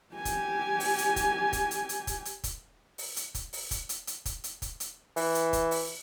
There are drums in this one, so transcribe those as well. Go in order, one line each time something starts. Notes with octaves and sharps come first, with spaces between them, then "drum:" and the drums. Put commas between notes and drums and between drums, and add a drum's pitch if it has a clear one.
G4 G#5
drum: kick, hi-hat
drum: open hi-hat
drum: hi-hat
drum: kick, hi-hat
drum: kick, hi-hat
drum: hi-hat
drum: hi-hat
drum: kick, hi-hat
drum: hi-hat
drum: kick, hi-hat
drum: open hi-hat
drum: hi-hat
drum: kick, hi-hat
drum: open hi-hat
drum: kick, hi-hat
drum: hi-hat
drum: hi-hat
drum: kick, hi-hat
drum: hi-hat
drum: kick, hi-hat
drum: hi-hat
E3, drum: open hi-hat
drum: hi-hat
drum: kick, hi-hat
drum: open hi-hat